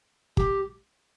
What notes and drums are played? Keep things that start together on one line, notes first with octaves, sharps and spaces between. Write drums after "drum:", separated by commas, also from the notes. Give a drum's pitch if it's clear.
G4, drum: kick